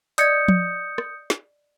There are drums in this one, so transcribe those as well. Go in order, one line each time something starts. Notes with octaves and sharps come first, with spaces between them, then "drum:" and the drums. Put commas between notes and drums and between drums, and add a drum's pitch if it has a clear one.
D5 D#5 D#6 G6 G#6 C#7, drum: hi-hat
drum: tom F3
drum: rim click
drum: snare